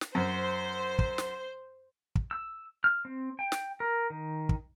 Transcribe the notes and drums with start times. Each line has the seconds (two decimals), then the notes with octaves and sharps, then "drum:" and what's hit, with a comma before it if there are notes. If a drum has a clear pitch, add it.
0.01 drum: snare
0.15 F#2 C5
0.99 drum: kick
1.18 drum: snare
2.15 drum: kick
2.31 E6
2.84 F6
3.05 C4
3.39 G5
3.52 drum: snare
3.80 A#4
4.10 D#3
4.49 drum: kick